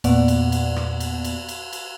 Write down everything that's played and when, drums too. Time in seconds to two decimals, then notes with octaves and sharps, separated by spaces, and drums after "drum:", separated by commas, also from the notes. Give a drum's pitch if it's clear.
0.04 E2 A#2 B3 D5 F#5, drum: cymbal
0.28 drum: cymbal
0.52 drum: cymbal
0.76 drum: rim click
1.00 drum: cymbal
1.24 drum: cymbal
1.49 drum: cymbal
1.73 drum: cymbal